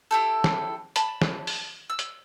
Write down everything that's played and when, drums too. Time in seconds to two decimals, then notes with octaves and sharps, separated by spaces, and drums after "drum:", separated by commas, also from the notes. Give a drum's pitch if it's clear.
0.11 E4 G4 A4
0.44 drum: snare
0.96 A5 B5, drum: hi-hat
1.22 drum: snare
1.47 drum: open hi-hat
1.90 E6
1.99 drum: hi-hat